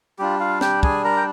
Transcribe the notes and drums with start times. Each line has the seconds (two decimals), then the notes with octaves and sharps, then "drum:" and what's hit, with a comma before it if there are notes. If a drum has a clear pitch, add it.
0.19 G3 D4 F4 G4
0.40 F4 F5
0.61 G4 G5, drum: snare
0.83 G#4 G#5, drum: kick
1.04 A#4 A#5
1.17 G5